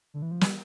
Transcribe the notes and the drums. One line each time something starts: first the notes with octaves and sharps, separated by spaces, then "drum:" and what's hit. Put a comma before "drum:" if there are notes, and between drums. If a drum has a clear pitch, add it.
D3
E3
F3
G3, drum: snare